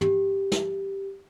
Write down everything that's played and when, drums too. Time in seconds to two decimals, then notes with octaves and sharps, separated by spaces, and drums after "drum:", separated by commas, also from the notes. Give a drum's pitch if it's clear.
0.01 G4, drum: tom
0.52 drum: snare